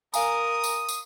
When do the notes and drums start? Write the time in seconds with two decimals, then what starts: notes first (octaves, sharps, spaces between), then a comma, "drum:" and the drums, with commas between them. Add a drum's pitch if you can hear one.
0.14 A#4 F5 G#5 A#5 D#6, drum: tambourine
0.64 drum: tambourine
0.89 drum: tambourine